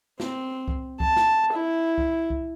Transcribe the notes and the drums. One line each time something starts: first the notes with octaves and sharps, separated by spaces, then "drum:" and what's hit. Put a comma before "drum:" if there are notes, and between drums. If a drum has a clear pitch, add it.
C4, drum: snare
drum: kick C2
A5, drum: kick C2
drum: snare
E4
drum: kick C2
drum: kick C2